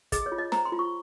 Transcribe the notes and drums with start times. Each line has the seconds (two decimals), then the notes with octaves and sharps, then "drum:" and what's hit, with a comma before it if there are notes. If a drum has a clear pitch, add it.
0.12 G#4 D#5, drum: kick, hi-hat
0.26 C#5
0.32 F4
0.38 D#5
0.52 C5 A#5, drum: snare
0.65 C6
0.72 F4
0.79 C#6